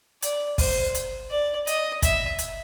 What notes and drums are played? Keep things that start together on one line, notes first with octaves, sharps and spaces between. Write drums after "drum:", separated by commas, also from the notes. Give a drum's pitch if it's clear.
D5, drum: hi-hat
C5, drum: kick, open hi-hat
drum: hi-hat
D5
D#5, drum: hi-hat
E5, drum: kick, hi-hat
drum: hi-hat